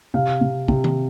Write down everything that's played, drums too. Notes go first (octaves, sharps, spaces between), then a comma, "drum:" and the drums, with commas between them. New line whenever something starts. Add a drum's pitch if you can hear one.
C3 F5
C3
C3, drum: kick
drum: tom D#3